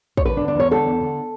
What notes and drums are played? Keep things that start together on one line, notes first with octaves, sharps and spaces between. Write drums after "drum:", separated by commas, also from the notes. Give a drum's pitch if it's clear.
C#5, drum: kick
D3 B4
D4
D3
D4
E2 C#5
D3 A4
E2
D3